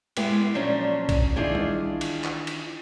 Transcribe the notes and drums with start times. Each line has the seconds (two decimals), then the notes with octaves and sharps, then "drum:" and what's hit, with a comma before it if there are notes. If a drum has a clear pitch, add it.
0.17 G#3 B3 E4 G4, drum: cymbal
0.54 A#2 F3 F#3 C#4 D4
1.09 drum: kick B1, cymbal
1.36 D#3 E3 D4 F4 G#4
1.55 drum: tom G3
2.01 drum: cymbal
2.24 drum: clap
2.47 drum: cymbal